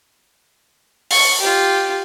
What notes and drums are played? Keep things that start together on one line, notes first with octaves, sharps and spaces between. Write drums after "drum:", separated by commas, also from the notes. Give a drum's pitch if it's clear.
C#6, drum: open hi-hat
F4 G4